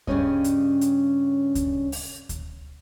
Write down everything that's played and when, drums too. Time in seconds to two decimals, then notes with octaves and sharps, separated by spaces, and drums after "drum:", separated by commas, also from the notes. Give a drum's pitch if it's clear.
0.07 G2 C#3 F#3 G3 C#4 D#5, drum: kick D2
0.44 drum: hi-hat
0.81 drum: hi-hat
1.55 drum: kick D2, hi-hat
1.92 drum: open hi-hat
2.29 drum: kick D2, hi-hat